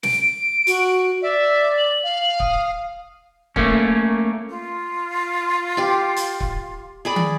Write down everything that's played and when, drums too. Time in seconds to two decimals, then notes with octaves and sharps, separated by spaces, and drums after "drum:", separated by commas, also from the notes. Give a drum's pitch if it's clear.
0.03 D7, drum: snare
0.67 F#4, drum: hi-hat
1.22 D5 E5
1.78 F#7
2.04 F5
2.40 D#6, drum: kick C#1
3.56 A3 A#3 C#4, drum: kick C#1
4.50 F4
5.77 G4 D6
6.16 drum: hi-hat
6.40 drum: kick C#1
7.05 G#4 D5 B5
7.16 drum: tom